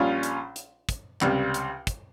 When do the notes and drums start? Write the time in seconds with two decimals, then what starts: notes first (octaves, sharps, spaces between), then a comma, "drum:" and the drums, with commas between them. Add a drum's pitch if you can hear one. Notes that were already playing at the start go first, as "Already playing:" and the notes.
Already playing: A#1 A#2 G3 C#4 F4
0.23 drum: hi-hat
0.56 drum: hi-hat
0.89 drum: kick, hi-hat
1.21 C#2 C3 G3, drum: clap
1.54 drum: hi-hat
1.87 drum: kick, hi-hat